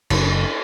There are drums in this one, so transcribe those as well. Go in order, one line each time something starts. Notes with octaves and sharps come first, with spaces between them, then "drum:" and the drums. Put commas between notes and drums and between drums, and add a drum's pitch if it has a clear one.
F#1, drum: cymbal